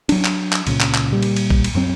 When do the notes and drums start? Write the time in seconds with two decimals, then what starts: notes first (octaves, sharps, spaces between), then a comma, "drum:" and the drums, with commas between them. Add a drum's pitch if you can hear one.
0.09 F#3 D4, drum: cymbal
0.25 drum: clap
0.53 drum: clap
0.67 C#2 A#2 C#3, drum: cymbal
0.81 drum: clap
0.95 drum: clap
1.12 A#2 G3
1.23 drum: cymbal
1.36 drum: cymbal
1.50 drum: kick
1.64 drum: cymbal
1.75 F#2 F#3 C4